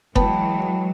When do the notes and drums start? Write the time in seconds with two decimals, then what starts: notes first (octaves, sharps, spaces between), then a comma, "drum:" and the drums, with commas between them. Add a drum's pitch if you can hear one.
0.16 E3 F#3 G#3 B3 G5 A5 B5, drum: kick F#1